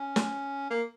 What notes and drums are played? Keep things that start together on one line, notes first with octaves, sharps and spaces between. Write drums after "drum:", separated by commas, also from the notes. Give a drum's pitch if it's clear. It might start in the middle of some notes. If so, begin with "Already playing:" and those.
Already playing: C#4
drum: snare
A#3